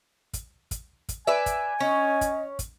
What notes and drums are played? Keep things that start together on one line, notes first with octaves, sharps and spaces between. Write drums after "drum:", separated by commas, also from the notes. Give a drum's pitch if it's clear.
drum: kick, hi-hat
drum: kick, hi-hat
drum: kick, hi-hat
B4 D5 E5 G#5
drum: kick, hi-hat
C#4 D#5
drum: kick, hi-hat
drum: kick, hi-hat